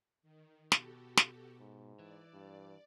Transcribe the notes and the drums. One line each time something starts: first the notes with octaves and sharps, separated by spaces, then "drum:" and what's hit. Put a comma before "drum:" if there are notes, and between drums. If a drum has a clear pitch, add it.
D#3
B2 F#4 G4 A4, drum: snare
drum: snare
G#2
E3 D5
G2